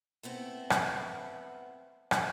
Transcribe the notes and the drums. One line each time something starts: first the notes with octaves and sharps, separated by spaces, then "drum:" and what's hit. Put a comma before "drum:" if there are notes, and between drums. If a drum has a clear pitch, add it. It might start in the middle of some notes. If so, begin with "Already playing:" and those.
A3 B3 C4 E4
drum: rim click
drum: rim click